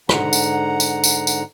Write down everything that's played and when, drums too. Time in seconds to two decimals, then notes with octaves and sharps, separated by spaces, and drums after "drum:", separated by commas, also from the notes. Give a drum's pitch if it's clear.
0.09 G#2 D3 F#5 A#5, drum: rim click
0.33 drum: tambourine
0.80 drum: tambourine
1.04 drum: tambourine
1.27 drum: tambourine